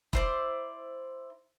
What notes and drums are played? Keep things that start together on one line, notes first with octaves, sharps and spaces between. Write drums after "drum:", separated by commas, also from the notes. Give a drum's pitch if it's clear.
E4 C5 D5, drum: kick E1